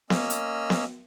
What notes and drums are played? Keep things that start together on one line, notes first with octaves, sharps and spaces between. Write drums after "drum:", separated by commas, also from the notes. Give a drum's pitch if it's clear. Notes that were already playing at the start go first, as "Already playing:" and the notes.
A#3 C#4 D#5 E6 F6, drum: snare B3
drum: hi-hat
drum: snare B3